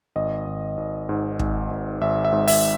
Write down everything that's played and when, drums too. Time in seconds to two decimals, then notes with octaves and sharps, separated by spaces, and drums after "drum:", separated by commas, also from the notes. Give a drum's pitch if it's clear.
0.16 G#1 D#5
0.47 G#1
0.77 G#1
1.09 G#2
1.39 G#1, drum: kick
1.71 G#1
2.01 G#1 E5
2.25 E5
2.32 G#2
2.48 E5, drum: open hi-hat